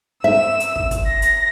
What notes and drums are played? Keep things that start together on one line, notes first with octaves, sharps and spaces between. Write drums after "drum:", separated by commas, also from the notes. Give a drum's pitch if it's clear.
E5 E6
drum: hi-hat
drum: kick
drum: kick, hi-hat
A#6
drum: hi-hat